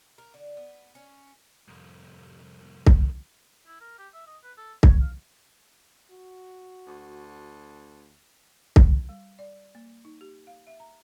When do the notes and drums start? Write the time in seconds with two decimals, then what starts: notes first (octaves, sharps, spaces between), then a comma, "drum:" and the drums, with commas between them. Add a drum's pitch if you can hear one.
0.18 A#4
0.34 D3
0.57 B3
0.95 C#4
1.68 C2 F2
2.86 drum: kick
3.67 E4
3.81 A#4
3.99 G4
4.14 E5
4.27 D#5
4.44 B4
4.58 A4
4.83 C#5, drum: kick
5.01 F5
6.11 F#4
6.86 D2
8.76 drum: kick
9.09 G3
9.39 D5
9.75 A#3
10.05 D#4
10.21 G4
10.47 F5
10.67 E5
10.80 A#5